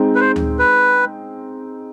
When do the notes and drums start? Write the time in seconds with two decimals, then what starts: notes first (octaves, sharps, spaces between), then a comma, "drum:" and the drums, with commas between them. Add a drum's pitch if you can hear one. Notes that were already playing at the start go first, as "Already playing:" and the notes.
Already playing: G#3 C4 D#4
0.15 B4
0.20 C5
0.36 drum: tom D2
0.59 B4